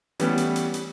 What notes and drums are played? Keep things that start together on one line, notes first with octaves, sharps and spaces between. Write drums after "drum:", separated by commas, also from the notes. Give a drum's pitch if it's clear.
E3 G3 A3 B3 C#4, drum: hi-hat
drum: hi-hat
drum: hi-hat
drum: hi-hat